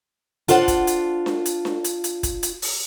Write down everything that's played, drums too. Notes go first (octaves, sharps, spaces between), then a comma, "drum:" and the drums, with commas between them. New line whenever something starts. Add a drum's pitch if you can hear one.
D4 F4 A4 C5 F5 F#5, drum: hi-hat
drum: kick, hi-hat
drum: hi-hat
drum: snare D4
drum: hi-hat
drum: snare D4
drum: hi-hat
drum: hi-hat
drum: kick, hi-hat
drum: hi-hat
drum: open hi-hat